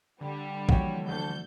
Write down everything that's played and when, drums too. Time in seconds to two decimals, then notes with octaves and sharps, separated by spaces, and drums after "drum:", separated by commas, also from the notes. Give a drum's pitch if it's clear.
0.21 D3 G3
0.69 E3 F3 A#3 F#4 C#5 G5, drum: kick A#1
1.08 D2 G2 A4 G6